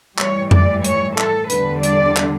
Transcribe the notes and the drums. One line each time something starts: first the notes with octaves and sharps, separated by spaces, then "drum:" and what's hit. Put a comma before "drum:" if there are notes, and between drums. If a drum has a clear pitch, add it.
A2 E3 G3 C#5, drum: clap
D5, drum: tom F2
C#5, drum: hi-hat
A4, drum: clap
E2 D3 G3 B4, drum: hi-hat
D5, drum: hi-hat
drum: clap